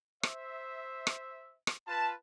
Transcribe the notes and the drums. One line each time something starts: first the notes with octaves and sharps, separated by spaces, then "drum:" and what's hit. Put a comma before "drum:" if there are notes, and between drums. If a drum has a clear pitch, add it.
C5 E5, drum: rim click
drum: rim click
drum: rim click
F4 B4 A5